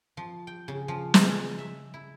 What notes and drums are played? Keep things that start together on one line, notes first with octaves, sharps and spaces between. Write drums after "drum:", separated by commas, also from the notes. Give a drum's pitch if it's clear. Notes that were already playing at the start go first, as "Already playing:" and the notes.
F3
G5
C#3
F3
G#3, drum: snare
A#5
E5
E4